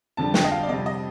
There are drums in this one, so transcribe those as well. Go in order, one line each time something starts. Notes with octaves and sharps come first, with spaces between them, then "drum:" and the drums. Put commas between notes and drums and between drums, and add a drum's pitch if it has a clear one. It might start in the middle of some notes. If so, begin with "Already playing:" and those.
F2 D3 G3 A5
G5, drum: snare
D#5
F5
D5
F2 C3 G3 D#5
D#5